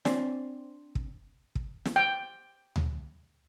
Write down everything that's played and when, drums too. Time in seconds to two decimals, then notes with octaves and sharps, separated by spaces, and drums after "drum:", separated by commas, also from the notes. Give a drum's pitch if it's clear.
0.05 C4 D4 C5 D5 G#5, drum: snare
0.95 drum: kick
1.55 drum: kick
1.85 drum: snare
1.96 G5
2.76 drum: tom D2